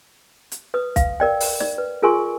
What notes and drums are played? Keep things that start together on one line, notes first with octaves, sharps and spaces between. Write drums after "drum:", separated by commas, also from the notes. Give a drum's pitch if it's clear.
drum: hi-hat
B4 D#6
F5, drum: kick, hi-hat
A#4 D5 G5
drum: open hi-hat
D5, drum: snare
B4
F4 G#4 A#4 G#5 C6 C#6